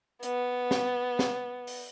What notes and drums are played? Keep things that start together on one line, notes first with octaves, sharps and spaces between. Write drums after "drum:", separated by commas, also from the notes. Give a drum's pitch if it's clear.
B3, drum: hi-hat
drum: snare
drum: snare
drum: open hi-hat